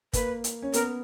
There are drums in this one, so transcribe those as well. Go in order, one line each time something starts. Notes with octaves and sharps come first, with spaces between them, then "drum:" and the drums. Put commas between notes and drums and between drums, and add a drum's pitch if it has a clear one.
A#3 B4, drum: kick, hi-hat
drum: hi-hat
C#4
B3 A#4, drum: hi-hat